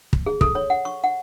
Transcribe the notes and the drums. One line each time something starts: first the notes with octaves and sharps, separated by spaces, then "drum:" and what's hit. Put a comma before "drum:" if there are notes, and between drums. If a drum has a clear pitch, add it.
drum: kick
G#4
A4, drum: kick
C#5
F#5
C#6
F#5